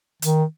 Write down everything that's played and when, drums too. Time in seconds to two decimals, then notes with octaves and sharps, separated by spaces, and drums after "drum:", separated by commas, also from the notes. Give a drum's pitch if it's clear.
0.22 D#3, drum: hi-hat